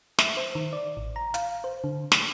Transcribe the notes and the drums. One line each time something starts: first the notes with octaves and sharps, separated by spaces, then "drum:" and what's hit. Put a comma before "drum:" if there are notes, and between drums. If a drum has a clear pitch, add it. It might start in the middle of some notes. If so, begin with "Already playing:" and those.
E5, drum: snare
C5
D#3
D5
A1
A#5
F5, drum: hi-hat
C5
D3
B6, drum: snare